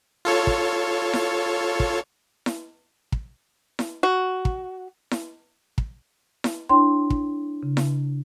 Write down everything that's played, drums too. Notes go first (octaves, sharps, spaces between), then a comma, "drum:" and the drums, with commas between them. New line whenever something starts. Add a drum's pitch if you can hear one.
F4 A4 C#5
drum: kick
drum: snare E4
drum: kick
drum: snare E4
drum: kick
drum: snare E4
F#4
drum: kick
drum: snare E4
drum: kick
drum: snare E4
D4 E4 C#5 G5 C6
drum: kick
C#3
drum: snare E4